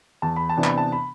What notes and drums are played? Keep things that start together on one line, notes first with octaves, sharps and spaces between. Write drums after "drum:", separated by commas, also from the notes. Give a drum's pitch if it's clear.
E2 A5
B5
A5
C3 E3 B3 D4
B5, drum: clap
A5
B5